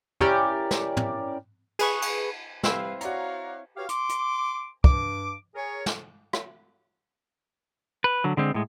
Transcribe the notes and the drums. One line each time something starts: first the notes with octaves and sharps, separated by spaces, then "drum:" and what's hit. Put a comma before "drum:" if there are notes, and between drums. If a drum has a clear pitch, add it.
C#4 E4 G4 A#4 D5, drum: tom
drum: snare
drum: tom
G#4 B4 C#6, drum: cymbal
drum: cymbal
G3 C4 E4 B4 C5 F5, drum: snare
F#4 C#5 D5 F5 A#5, drum: hi-hat
F#4 G4 B4 C#5 F5
C6 D6, drum: hi-hat
drum: hi-hat
G2 D6, drum: kick
G#4 A#4 C#5
drum: snare
drum: rim click
B4
D3 F#3
D3 G#3 C4
A2 G#3